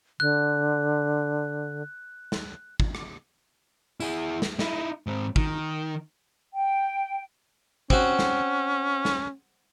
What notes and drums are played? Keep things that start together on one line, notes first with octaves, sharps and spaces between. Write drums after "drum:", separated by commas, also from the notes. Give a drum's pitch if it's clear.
D3 F#6
drum: snare
drum: kick
drum: rim click
E4 G#4, drum: tambourine
drum: snare
D#4 E4, drum: snare
G#2 C4
D#3, drum: kick
G5
C4 C#4 F#4, drum: kick
drum: snare
drum: snare